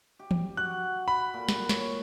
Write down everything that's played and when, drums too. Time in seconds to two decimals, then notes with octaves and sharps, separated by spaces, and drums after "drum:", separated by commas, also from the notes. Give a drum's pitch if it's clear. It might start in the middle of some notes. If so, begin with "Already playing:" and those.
0.19 G4
0.31 drum: tom
0.57 F#4 F#6
1.08 B5
1.34 A#2
1.49 drum: snare
1.69 C#5, drum: snare